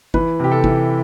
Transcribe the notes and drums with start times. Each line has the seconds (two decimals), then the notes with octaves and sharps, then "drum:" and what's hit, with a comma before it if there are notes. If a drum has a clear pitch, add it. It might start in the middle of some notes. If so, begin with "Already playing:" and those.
0.14 E3 B4, drum: kick G1
0.39 C3 G4
0.51 A4
0.64 E3, drum: kick G1